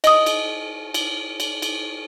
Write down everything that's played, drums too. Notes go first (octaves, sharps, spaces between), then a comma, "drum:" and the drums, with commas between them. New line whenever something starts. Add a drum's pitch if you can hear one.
D#5 D#6, drum: cymbal
drum: cymbal
drum: cymbal
drum: cymbal
drum: cymbal